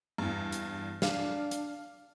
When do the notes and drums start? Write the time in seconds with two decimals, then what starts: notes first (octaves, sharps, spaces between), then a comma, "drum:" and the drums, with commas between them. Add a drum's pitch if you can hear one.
0.18 E2 G2
0.52 drum: hi-hat
1.02 D4 F5, drum: snare
1.51 drum: hi-hat